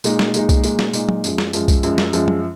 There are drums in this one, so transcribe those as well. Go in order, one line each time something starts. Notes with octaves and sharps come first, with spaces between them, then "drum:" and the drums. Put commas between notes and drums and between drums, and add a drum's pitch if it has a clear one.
A#2 G#3 D#4, drum: tambourine
drum: snare
A#2 G#3 D#4, drum: tambourine
drum: kick C2, tambourine
A#2 G#3 D#4, drum: tambourine
drum: snare
A#2 G#3 D#4, drum: tambourine
drum: tom F#3
F#2 F3 G#3, drum: tambourine
drum: snare
F#2 F3 G#3, drum: tambourine
drum: kick C2, tambourine
F#2 F3 G#3, drum: tambourine
drum: snare
F#2 F3 G#3, drum: tambourine
drum: tom F#3